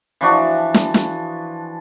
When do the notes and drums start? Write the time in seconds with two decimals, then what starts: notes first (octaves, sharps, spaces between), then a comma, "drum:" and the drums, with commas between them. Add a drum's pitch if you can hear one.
0.21 E3 F3 D4 F#4
0.74 drum: snare
0.94 drum: snare